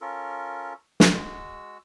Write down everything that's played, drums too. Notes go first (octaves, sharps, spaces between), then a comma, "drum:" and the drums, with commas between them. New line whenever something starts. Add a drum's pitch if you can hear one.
C#4 F4 A4 A#4
drum: snare
G#3 F#4 E6